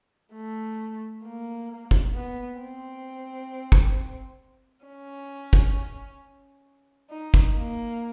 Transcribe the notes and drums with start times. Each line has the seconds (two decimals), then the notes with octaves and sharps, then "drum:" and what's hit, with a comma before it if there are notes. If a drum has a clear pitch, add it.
0.33 A3
1.23 A#3
1.91 drum: kick
2.13 B3
2.60 C4
3.72 drum: kick
4.85 C#4
5.53 drum: kick
7.11 D#4
7.34 drum: kick
7.57 A#3